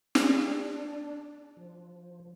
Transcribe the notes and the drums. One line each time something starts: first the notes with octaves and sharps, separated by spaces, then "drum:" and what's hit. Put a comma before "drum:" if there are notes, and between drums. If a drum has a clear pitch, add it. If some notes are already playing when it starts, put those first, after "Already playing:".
D4, drum: snare
F3